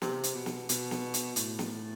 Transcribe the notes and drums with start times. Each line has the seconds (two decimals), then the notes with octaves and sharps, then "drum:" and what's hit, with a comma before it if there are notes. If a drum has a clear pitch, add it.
0.02 C3, drum: snare
0.23 drum: hi-hat
0.34 B2
0.46 drum: snare
0.69 B2, drum: hi-hat
0.91 drum: snare
1.14 drum: hi-hat
1.36 A2, drum: hi-hat
1.59 drum: snare